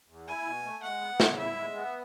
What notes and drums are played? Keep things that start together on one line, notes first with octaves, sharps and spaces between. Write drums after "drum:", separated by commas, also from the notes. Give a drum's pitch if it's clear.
E2
E4 G#5
B2
A3
G#3 F#5
B3
C#3, drum: snare
E4 E5
G#3
B3